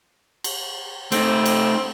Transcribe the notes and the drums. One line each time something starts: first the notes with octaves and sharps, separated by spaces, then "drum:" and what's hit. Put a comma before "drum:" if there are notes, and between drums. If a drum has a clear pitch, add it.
drum: cymbal
A3 C4 D#4, drum: cymbal
drum: cymbal